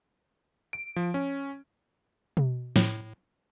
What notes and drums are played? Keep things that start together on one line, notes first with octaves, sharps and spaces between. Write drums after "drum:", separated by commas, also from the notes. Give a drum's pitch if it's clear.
D7
F3
C#4
drum: tom B2
A2, drum: snare